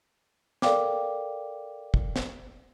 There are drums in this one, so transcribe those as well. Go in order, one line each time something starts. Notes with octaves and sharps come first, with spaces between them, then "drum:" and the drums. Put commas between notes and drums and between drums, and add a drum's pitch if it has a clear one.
A4 A#4 D5 F5 G5 D6, drum: snare
drum: kick
drum: snare